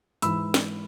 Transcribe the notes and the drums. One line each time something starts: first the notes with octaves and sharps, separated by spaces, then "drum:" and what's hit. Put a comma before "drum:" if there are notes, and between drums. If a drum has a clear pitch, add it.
G#2 E3 B5 E6, drum: hi-hat
drum: snare